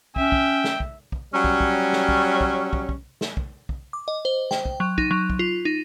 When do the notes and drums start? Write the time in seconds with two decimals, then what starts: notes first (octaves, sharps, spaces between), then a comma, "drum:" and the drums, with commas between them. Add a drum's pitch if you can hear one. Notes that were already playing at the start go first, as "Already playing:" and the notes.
0.16 C#4 E5 G5, drum: kick
0.32 drum: kick
0.64 drum: snare
0.80 drum: kick
1.12 drum: kick
1.33 F#3 G3 C#4
1.44 drum: kick
1.60 drum: kick
1.93 drum: snare
2.09 drum: kick
2.41 drum: kick
2.73 drum: kick
2.89 drum: kick
3.21 drum: snare
3.37 drum: kick
3.69 drum: kick
3.93 D6
4.08 D#5
4.25 C5
4.51 G5, drum: snare
4.65 drum: kick
4.80 F#3
4.98 D#4, drum: kick
5.11 F#3
5.30 drum: kick
5.39 F4
5.65 D#4